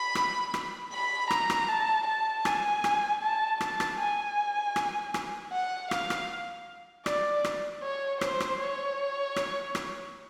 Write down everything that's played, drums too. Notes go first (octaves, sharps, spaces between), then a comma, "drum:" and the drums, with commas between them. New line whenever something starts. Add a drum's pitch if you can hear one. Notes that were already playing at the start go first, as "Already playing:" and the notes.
Already playing: B5
drum: rim click
drum: rim click
B5
A#5, drum: rim click
drum: rim click
A5
A5
G#5, drum: rim click
drum: rim click
A5
A5, drum: rim click
drum: rim click
G#5
drum: rim click
drum: rim click
F#5
F5, drum: rim click
drum: rim click
D5, drum: rim click
drum: rim click
C#5
C5, drum: rim click
drum: rim click
C#5
drum: rim click
drum: rim click